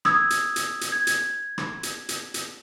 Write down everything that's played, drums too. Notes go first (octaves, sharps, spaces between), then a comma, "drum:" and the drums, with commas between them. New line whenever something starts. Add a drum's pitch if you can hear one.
D#6 E6 G#6, drum: rim click
drum: hi-hat
drum: hi-hat
drum: hi-hat
G#6
drum: hi-hat
drum: rim click
drum: hi-hat
drum: hi-hat
drum: hi-hat